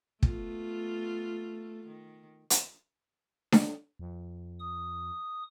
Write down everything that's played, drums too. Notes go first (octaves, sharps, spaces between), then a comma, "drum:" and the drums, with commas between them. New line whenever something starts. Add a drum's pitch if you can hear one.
A3 B3 F4, drum: kick
D#3
drum: hi-hat
drum: snare D4
F2
D#6